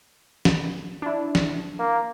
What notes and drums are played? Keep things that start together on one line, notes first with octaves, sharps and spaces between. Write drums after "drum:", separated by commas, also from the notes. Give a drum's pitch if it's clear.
drum: snare
D4 E4
drum: snare
A#3